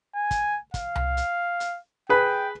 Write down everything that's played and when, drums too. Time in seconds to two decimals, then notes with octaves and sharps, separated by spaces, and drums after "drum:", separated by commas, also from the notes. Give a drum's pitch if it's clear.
0.15 G#5
0.31 drum: kick, hi-hat
0.74 F5, drum: kick, hi-hat
0.95 drum: tom C2
1.17 drum: hi-hat
1.60 drum: hi-hat
2.09 G#4 B4 G5 B5